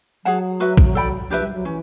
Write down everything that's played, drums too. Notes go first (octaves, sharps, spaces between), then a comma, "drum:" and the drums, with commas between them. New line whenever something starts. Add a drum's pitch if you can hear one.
F#3 G#4 C#5 F#5 A5
F#4 B4 E5
drum: kick A#1
A4 D5 G5 B5
F3 D4 G4 B4 E5
G3
F#3
E3 C#4